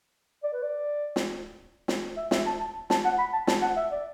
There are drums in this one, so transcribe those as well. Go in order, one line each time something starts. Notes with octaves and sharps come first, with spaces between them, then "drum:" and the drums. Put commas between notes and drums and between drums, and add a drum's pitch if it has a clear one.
D5
B4
D5
drum: snare
drum: snare
E5
E5, drum: snare
A5
A5
A5, drum: snare
F#5
B5
A5
A5, drum: snare
F#5
E5
D5